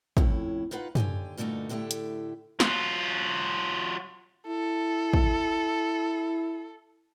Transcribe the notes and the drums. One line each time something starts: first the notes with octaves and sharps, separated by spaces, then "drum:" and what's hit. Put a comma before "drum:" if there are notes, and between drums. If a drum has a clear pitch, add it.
F2 A2 C#4 E4, drum: kick
D#4 F4 B4 F5 F#5
D#2 D3 G4 G#5, drum: tom
G2 A#2 D3 A3 D#4 F#4
A2 D3 A3 E4 G4
drum: hi-hat
F#3 F4, drum: snare
E4 A4
drum: kick